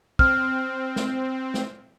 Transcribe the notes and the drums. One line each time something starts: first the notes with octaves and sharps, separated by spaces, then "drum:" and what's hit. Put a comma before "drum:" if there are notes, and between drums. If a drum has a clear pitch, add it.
C4 F6, drum: kick
drum: snare
drum: snare